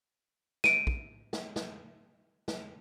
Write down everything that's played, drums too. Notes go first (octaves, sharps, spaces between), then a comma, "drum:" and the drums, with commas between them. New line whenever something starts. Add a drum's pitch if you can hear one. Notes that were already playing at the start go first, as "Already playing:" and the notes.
D7 D#7, drum: snare
drum: kick
drum: snare
drum: snare
drum: snare